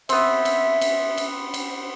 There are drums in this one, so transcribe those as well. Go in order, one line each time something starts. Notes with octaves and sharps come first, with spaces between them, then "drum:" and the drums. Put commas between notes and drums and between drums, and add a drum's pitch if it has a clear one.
B3 C4 E5, drum: cymbal
drum: cymbal
drum: cymbal
drum: cymbal
drum: cymbal